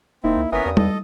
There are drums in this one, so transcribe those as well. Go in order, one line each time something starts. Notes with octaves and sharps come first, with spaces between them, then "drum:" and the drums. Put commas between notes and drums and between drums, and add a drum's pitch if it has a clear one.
E1 A#3 C4 D#4 E4
C#2
G1 E3 B3 C#4 A#4 D#6 B6
E2 G2 D#6
A4 D#5, drum: tom G3